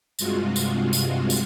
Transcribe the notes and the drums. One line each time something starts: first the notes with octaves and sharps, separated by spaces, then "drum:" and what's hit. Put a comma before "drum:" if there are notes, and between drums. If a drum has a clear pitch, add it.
G2 C3 G#3 F4 F#4, drum: tambourine
drum: tambourine
drum: tambourine
drum: tambourine